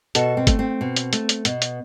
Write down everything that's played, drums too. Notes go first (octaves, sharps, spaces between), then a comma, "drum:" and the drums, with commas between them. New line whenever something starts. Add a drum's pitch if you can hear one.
B2 F#4 A4, drum: hi-hat
C4
A3, drum: kick F#1, hi-hat
C4
B2
drum: hi-hat
A3, drum: hi-hat
drum: hi-hat
B2 B3, drum: hi-hat
drum: hi-hat